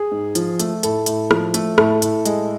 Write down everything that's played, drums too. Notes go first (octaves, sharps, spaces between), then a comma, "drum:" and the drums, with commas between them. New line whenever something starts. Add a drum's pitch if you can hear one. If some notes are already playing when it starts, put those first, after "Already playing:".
Already playing: G#4
G#2
F3, drum: hi-hat
A3, drum: hi-hat
A2 A4, drum: hi-hat
A2, drum: hi-hat
F3, drum: rim click
A3, drum: hi-hat
A2 A4, drum: rim click
A2, drum: hi-hat
G#3, drum: hi-hat